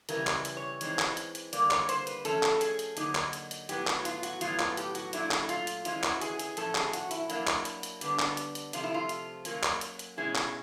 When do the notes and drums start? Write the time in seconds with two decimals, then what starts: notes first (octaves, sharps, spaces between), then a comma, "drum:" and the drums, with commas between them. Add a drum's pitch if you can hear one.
0.09 C#3 E3 G3 A#4, drum: hi-hat
0.27 drum: clap
0.45 drum: hi-hat
0.57 C#5
0.81 E3 G#3 C4 D#4, drum: hi-hat
0.99 drum: clap
1.17 drum: hi-hat
1.35 drum: hi-hat
1.53 D3 G3 A#3 D5, drum: hi-hat
1.71 C#5, drum: clap
1.89 C5, drum: hi-hat
2.07 B4, drum: hi-hat
2.25 F3 A3 C#4 A4, drum: hi-hat
2.43 drum: clap
2.61 G#4, drum: hi-hat
2.79 drum: hi-hat
2.97 D3 F#3 A#3 D#4, drum: hi-hat
3.15 drum: clap
3.33 drum: hi-hat
3.51 drum: hi-hat
3.69 A2 F#3 B3 G4, drum: hi-hat
3.87 F#4, drum: clap
4.05 F4, drum: hi-hat
4.23 F#4, drum: hi-hat
4.41 A2 F#3 B3 F4, drum: hi-hat
4.59 F4, drum: clap
4.77 G4, drum: hi-hat
4.95 F#4, drum: hi-hat
5.13 A#2 F#3 A3 D4 E4, drum: hi-hat
5.31 drum: clap
5.49 F4, drum: hi-hat
5.67 drum: hi-hat
5.85 E3 G#3 C#4 E4 F4, drum: hi-hat
6.03 F#4, drum: clap
6.21 G#4, drum: hi-hat
6.39 G#4, drum: hi-hat
6.57 A2 F3 A3 C#4 A4, drum: hi-hat
6.75 G#4, drum: clap
6.93 F#4, drum: hi-hat
7.11 E4, drum: hi-hat
7.30 F#3 A#3 D4, drum: hi-hat
7.47 drum: clap
7.65 drum: hi-hat
7.83 drum: hi-hat
8.01 D3 G3 B3 D4, drum: hi-hat
8.19 drum: clap
8.37 drum: hi-hat
8.55 drum: hi-hat
8.73 C3 F3 A3 F4, drum: hi-hat
8.84 E4
8.94 F4
9.09 drum: hi-hat
9.45 F#3 A#3 C#4, drum: hi-hat
9.63 drum: clap
9.81 drum: hi-hat
9.99 drum: hi-hat
10.17 B2 G#3 C#4 E4 G#4
10.35 drum: clap